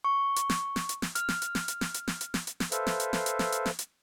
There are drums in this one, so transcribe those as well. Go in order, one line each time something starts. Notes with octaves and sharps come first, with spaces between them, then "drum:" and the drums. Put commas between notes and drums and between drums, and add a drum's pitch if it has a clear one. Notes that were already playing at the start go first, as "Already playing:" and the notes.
C#6
drum: hi-hat
drum: snare
drum: snare
drum: hi-hat
drum: snare
F6, drum: hi-hat
drum: snare
drum: hi-hat
drum: snare
drum: hi-hat
drum: snare
drum: hi-hat
drum: snare
drum: hi-hat
drum: snare
drum: hi-hat
drum: snare
A4 B4 C5 E5 F5, drum: hi-hat
drum: snare
drum: hi-hat
drum: snare
drum: hi-hat
drum: snare
drum: hi-hat
drum: snare
drum: hi-hat